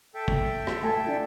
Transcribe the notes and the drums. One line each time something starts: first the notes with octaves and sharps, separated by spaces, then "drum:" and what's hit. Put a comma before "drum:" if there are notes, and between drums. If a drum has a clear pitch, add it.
A4 E5 G5
drum: kick
drum: rim click
A3 G#5 A5
D4 F4